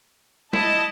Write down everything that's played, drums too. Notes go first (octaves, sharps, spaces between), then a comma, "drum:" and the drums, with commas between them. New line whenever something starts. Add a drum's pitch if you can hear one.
E4 D#5 A5, drum: snare